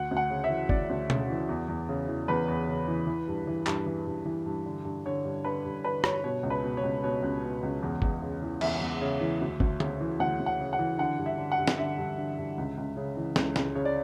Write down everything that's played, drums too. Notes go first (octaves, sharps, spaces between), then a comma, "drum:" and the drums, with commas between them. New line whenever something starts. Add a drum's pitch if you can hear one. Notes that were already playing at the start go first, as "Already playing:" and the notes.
Already playing: D2 F#5
D2
F#5
C#3
E5
E3
D2 D5, drum: kick
D2
C#3, drum: tom B2
E3
E2
E2
C#3
E3
E2 B4
E2
C#3
E3
E3
G2
E3
G2, drum: clap
E3
G2
E3
G2
D3
G2
D3 C#5
G2
D3 B4
G2
D3 B4
G2 C#5, drum: rim click
B2 C#5
C#2
B4
B2
C#5
C#2
B2 C#5
C#2
B2
C#2
E2
E2, drum: kick
C#3
E3
E2 E5, drum: cymbal
E2
C#3
E3
D2
D2, drum: kick
C#3, drum: tom D3
E3
D2 F#5
D2
F#5
C#3
F#5
E3
D3 F#5
G2
E5
D3
F#5
G2
drum: snare
D3 E5
G2
D3
G2
C#2
C#2
C#3
E3
C#2, drum: snare
C#2, drum: snare
C#3 C#5
D5